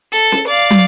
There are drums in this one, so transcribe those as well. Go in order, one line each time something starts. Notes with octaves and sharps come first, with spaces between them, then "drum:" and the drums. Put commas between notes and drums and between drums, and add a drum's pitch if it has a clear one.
A4
drum: snare
D5 F5
drum: tom